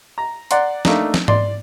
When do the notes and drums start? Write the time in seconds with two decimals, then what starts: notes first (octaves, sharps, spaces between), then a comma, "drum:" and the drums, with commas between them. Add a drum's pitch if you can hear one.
0.18 A#5
0.51 D5 F#5 A#5 C6, drum: hi-hat
0.85 A3 A#3 D4 D#4, drum: snare
1.14 drum: snare
1.28 D5 C6, drum: tom G#2